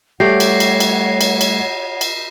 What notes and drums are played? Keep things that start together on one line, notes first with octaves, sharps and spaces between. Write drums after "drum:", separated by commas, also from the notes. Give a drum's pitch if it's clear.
G3 A3 G4 C#5 F#5 A#6 C7
drum: cymbal
drum: cymbal
drum: cymbal
drum: cymbal
drum: cymbal
drum: cymbal